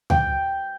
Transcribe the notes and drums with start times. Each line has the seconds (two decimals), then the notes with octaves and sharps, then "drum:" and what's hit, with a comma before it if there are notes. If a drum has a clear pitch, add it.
0.10 G5, drum: tom D2